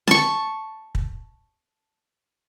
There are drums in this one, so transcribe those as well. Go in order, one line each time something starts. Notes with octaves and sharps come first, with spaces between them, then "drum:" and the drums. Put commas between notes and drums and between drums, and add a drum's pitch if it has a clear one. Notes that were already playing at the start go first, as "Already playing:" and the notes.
A5 C#6, drum: snare
drum: kick